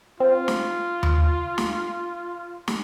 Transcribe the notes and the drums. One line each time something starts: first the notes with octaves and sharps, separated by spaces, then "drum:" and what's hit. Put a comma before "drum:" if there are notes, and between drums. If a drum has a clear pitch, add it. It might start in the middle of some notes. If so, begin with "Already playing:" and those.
C4 F4
drum: snare
drum: tom D#2
drum: snare
drum: snare